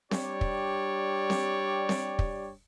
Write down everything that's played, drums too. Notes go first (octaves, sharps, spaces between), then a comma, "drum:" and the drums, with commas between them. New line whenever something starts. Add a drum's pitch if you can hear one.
G3 D4 G4 C#5 D5, drum: snare C4
drum: kick
drum: snare C4
drum: snare C4
drum: kick